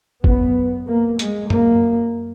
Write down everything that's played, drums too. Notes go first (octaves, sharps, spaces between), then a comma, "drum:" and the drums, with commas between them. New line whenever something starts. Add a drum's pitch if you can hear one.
F#2 B3, drum: kick
A#3
G#3, drum: hi-hat
F#2 A#3, drum: tom G2